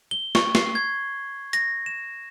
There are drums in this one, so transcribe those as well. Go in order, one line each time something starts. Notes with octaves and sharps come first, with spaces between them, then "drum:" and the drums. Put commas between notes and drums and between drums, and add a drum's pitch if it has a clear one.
G7
C#6, drum: snare
C7, drum: snare
G#6
A#6, drum: hi-hat
E7